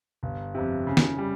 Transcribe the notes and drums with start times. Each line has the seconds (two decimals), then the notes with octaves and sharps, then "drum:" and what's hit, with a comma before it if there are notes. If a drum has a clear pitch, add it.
0.23 G1
0.55 F2 C3
0.87 C#3
0.97 drum: snare
1.18 G3